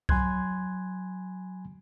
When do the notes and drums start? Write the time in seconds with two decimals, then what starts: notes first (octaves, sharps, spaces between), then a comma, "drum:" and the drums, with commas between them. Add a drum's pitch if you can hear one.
0.09 F#3 G#5 B5 C6 F#6 G#6, drum: kick C2